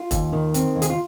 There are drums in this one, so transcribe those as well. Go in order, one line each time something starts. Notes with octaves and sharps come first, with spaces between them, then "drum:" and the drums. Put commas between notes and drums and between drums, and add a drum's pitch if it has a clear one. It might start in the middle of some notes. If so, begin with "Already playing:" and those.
Already playing: F4
D#2, drum: kick E1, hi-hat
D#3
C4, drum: hi-hat
D#2
G#4, drum: hi-hat
F4